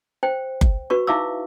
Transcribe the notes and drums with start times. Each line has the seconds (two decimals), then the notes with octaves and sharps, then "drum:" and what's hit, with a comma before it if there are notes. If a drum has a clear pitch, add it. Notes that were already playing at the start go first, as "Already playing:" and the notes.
0.23 C5 G5
0.61 drum: kick F#1
0.90 F#4 B4 C#6
1.07 D#4 E4 E5 F5 D6 E6